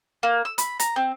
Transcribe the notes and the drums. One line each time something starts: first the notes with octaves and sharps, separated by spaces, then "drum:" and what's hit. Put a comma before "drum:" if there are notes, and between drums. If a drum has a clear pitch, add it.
A#3
E6
B5, drum: hi-hat
A#5, drum: hi-hat
C4